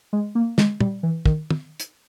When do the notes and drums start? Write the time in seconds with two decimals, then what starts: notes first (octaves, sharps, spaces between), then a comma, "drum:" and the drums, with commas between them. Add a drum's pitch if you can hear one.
0.13 G#3
0.35 A#3
0.58 G#3, drum: snare
0.80 G3, drum: tom
1.03 E3
1.26 D#3, drum: kick
1.50 drum: tom
1.80 drum: hi-hat